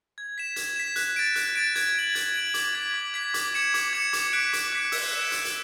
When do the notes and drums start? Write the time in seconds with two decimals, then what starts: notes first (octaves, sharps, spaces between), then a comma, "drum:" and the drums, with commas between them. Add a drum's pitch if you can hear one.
0.18 G#6
0.38 B6 E7
0.56 G#6, drum: hi-hat
0.76 B6 E7
0.96 F#6, drum: hi-hat
1.16 A6 D7
1.36 F#6, drum: hi-hat
1.56 A6 D7
1.76 G#6, drum: hi-hat
1.96 D7 F#7
2.15 G#6, drum: hi-hat
2.34 D7 F#7
2.54 D6, drum: hi-hat
2.75 G#6 B6
2.94 D6
3.14 G#6 B6
3.34 D6, drum: hi-hat
3.54 G#6 C#7 E7
3.74 D6, drum: hi-hat
3.93 G#6 C#7 E7
4.13 D6, drum: hi-hat
4.33 F#6 B6 D7
4.53 D6, drum: hi-hat
4.72 F#6 B6 D7
4.92 E6, drum: open hi-hat
5.12 B6 E7
5.32 E6, drum: hi-hat
5.45 drum: hi-hat